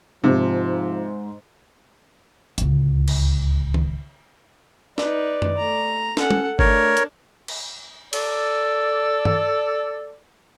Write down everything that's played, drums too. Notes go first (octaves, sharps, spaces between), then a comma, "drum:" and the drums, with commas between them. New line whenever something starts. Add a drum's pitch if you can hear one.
G#2 C3 F3
D1 C#2, drum: hi-hat
drum: cymbal
drum: tom D#3
D#4 B4 D5, drum: snare
drum: tom F#2
A3 A#5
C#4 A4 F#5, drum: snare
drum: tom
A3 D4 A#4 C#5, drum: kick G1
drum: hi-hat
drum: cymbal
A4 D5, drum: cymbal
drum: tom G2